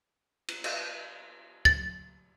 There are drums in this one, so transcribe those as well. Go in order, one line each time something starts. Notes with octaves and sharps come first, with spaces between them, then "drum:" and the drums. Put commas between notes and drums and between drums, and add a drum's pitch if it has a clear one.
drum: cymbal
drum: cymbal
A6, drum: kick